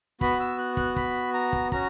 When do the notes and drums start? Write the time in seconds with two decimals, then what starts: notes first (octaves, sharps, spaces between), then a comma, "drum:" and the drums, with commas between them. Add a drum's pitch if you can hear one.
0.21 B3 F#4 B5, drum: kick
0.40 E6
0.58 F#6
0.77 F#6, drum: kick
0.96 B5, drum: kick
1.34 A#5
1.53 drum: kick
1.72 C#4 F#4 A#5, drum: kick